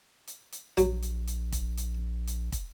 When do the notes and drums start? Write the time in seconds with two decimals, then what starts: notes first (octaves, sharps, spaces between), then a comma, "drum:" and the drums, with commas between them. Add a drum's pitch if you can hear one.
0.27 drum: hi-hat
0.52 drum: hi-hat
0.77 A#1 F#3, drum: hi-hat
1.02 drum: hi-hat
1.27 drum: hi-hat
1.52 drum: kick, hi-hat
1.77 drum: hi-hat
2.27 drum: hi-hat
2.52 drum: kick, hi-hat